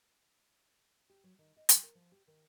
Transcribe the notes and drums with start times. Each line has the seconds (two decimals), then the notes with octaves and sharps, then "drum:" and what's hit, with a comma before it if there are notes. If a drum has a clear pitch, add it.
1.09 G4
1.24 F#3
1.39 D#3
1.57 D#5
1.69 F#3, drum: hi-hat
1.83 A#4
1.95 F3
2.12 G4
2.28 D#3